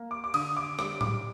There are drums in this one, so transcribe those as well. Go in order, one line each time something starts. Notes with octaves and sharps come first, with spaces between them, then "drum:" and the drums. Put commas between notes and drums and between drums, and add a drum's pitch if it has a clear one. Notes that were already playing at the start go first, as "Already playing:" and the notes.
Already playing: A#3
D6
D6
D3 D#6, drum: cymbal
D6
G3 D6, drum: rim click
D6, drum: tom A2